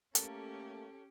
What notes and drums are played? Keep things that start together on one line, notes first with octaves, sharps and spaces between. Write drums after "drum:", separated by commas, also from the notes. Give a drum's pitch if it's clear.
A3 A#3 C#4 G4 A4, drum: hi-hat